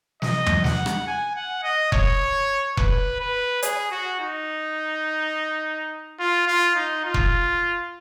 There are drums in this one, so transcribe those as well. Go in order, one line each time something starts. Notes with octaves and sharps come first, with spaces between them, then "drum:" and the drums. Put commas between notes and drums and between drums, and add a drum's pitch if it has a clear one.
D#5, drum: snare
drum: tom
F#5, drum: snare
drum: rim click
G#5
F#5
D#5
C#5, drum: kick F1
B4, drum: kick F1
B4
G#4, drum: hi-hat
F#4
D#4
F4
F4
D#4
F4
drum: kick F1